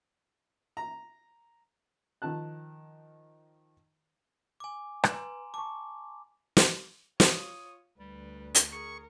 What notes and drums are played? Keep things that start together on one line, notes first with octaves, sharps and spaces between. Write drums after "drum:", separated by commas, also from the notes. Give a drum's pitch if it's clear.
A#5
D#3 F3 A5 F#6
G#5 D6
B4 G#5 A#5 C6, drum: rim click
A5 C#6 D6
drum: snare
F4 C#5 D#6, drum: snare
D2 G3 B4
drum: hi-hat
G#4 A#4 C#6